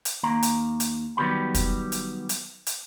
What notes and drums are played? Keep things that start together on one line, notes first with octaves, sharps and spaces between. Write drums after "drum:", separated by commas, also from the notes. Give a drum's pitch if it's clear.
drum: hi-hat
D#2 A#3 A#5
drum: hi-hat
drum: hi-hat
D#3 F#3 G3 B3 G4 B5
drum: kick, hi-hat
drum: hi-hat
drum: hi-hat
drum: hi-hat